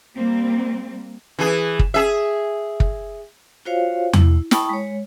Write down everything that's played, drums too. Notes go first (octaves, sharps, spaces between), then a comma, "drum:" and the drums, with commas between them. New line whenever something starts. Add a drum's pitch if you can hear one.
G3 A#3 C4
E3 G#4
drum: kick
G#4 E5
drum: kick
F4 F#4 C5 C#5 F5
E4, drum: tom E2
E4 G5 A5 B5 C#6 D#6, drum: snare
G#3 C#5